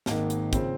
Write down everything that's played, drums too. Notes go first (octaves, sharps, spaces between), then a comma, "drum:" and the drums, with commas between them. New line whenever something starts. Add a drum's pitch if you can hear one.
G#1 G#2 D#3 A#3, drum: snare
drum: hi-hat
C#3 F3 C4, drum: kick, hi-hat